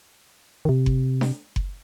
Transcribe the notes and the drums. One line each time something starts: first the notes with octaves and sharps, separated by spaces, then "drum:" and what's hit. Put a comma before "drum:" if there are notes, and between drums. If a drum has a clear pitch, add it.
D#3
C3
drum: kick F#1
drum: snare D4
drum: kick F#1